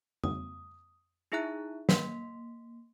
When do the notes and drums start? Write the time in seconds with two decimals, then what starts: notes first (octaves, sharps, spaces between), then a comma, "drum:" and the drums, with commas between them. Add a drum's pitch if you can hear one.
0.24 D#6, drum: tom
1.32 D#4 E4 G#4 E5 A#5 F#6
1.89 A#3 C6 B6, drum: snare